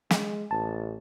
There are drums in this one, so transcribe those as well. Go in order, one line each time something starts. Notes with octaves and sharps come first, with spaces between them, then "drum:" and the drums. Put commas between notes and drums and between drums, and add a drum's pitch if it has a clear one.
G#3, drum: snare
A1 A5